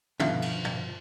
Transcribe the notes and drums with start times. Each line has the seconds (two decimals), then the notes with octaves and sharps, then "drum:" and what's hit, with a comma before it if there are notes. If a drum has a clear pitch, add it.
0.20 B2 D3 F3 E5 F5, drum: tom
0.42 drum: cymbal
0.64 drum: tom